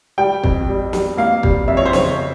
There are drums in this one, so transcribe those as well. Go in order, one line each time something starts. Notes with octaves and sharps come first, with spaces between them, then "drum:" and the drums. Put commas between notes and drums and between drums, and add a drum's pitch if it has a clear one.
G3 G5
F2, drum: kick
G3
G3, drum: snare
A#3 F5
G3, drum: kick
F2 E5
C#5
C5
C#3 C#5, drum: snare